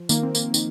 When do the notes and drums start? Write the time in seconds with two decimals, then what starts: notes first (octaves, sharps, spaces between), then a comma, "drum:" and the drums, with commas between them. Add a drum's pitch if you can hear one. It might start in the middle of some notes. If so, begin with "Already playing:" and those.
Already playing: F3
0.09 D#3 A#3, drum: tambourine
0.23 C4
0.35 A#3, drum: tambourine
0.54 D#3, drum: tambourine